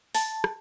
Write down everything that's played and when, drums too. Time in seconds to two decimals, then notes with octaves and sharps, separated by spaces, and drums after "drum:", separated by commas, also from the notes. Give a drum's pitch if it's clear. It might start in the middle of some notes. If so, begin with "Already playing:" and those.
0.15 A5, drum: open hi-hat
0.44 drum: rim click